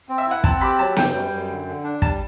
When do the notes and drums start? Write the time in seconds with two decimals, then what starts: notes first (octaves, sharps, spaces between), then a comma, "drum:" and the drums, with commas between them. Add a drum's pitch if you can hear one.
0.09 C4
0.18 E5
0.27 E4 F#5
0.44 C4 A5, drum: kick
0.61 G4 B5
0.79 F#3 A5
0.97 F#2 G5, drum: snare B3
1.14 G3
1.32 F#2
1.50 D3
1.67 D3
1.84 D4
2.02 G3 A5, drum: kick